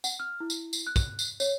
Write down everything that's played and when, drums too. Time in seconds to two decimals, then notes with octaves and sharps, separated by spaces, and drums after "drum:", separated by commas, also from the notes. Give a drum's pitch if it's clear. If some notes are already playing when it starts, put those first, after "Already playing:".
0.04 F#5, drum: tambourine
0.20 F6
0.40 E4
0.50 drum: tambourine
0.73 drum: tambourine
0.87 F#6
0.96 drum: kick, tambourine
1.19 drum: tambourine
1.40 C#5, drum: tambourine